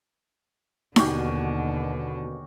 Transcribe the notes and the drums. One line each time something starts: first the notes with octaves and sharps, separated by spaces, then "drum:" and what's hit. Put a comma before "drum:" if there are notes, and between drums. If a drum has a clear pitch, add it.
D#2 B2 D3 C#4 F#4 G4, drum: snare D#4